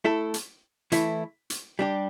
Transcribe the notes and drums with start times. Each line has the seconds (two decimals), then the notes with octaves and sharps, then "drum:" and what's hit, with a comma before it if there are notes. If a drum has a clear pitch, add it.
0.05 A3 E4 A4
0.34 drum: hi-hat
0.92 E3 A3 E4, drum: hi-hat
1.50 drum: hi-hat
1.79 G3 D4 G4